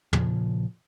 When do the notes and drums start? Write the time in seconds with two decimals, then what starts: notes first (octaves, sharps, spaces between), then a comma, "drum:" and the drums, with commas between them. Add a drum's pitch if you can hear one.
0.13 A#2 C#3 F3, drum: tom